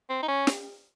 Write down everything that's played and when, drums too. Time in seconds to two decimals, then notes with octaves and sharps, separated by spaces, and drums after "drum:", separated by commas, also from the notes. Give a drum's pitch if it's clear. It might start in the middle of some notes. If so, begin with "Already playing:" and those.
0.10 C4
0.23 D#4
0.28 C#4
0.47 drum: snare